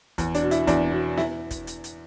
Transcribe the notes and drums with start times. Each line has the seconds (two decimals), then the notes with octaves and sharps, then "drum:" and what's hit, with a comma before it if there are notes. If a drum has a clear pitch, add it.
0.18 E2, drum: kick, hi-hat
0.35 D4, drum: hi-hat
0.43 B2
0.51 E4, drum: hi-hat
0.67 E2 D4, drum: kick, hi-hat
0.92 B2
1.17 E4, drum: snare B3
1.51 drum: kick, hi-hat
1.67 drum: hi-hat
1.84 drum: hi-hat